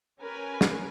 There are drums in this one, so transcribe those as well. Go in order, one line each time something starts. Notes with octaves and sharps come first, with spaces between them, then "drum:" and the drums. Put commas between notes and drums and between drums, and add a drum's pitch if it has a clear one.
C#4 G4 A#4 B4 G#5
drum: snare